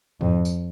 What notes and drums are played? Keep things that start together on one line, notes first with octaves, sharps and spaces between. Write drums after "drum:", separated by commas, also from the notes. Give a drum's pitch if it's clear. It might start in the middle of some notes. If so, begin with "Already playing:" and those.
F2, drum: tom G#2
drum: tambourine